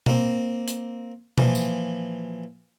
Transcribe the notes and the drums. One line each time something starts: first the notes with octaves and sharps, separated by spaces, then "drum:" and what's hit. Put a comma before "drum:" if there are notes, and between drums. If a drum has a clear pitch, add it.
A#3 C4, drum: tom B2
drum: hi-hat
A#2 E3 F3, drum: tom B2
drum: tambourine